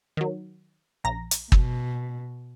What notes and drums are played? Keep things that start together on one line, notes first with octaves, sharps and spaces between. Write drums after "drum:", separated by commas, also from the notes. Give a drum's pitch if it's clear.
D#3 F#3
A#1 A#5 A#6
drum: hi-hat
B2, drum: kick